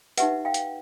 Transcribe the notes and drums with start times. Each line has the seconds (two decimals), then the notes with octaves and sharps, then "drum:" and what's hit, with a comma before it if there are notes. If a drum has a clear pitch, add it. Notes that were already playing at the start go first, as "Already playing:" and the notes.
0.18 D#4 G4 B4 E5 F#5, drum: hi-hat
0.45 F5 G5
0.54 drum: hi-hat